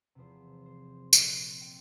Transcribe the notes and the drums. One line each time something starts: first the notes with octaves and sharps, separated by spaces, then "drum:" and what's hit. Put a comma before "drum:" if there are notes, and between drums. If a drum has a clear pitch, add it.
E2 C3 F3 C5
C5
A#2 A3 C4 E4 E5, drum: tambourine
G5